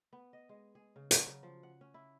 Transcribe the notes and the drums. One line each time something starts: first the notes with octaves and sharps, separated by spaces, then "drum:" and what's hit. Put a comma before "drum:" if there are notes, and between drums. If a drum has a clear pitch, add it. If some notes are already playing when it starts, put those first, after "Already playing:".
B3
D#5
G#3
G#4
C#3
F#3, drum: hi-hat
C#3
F3
F#5
C#4
E4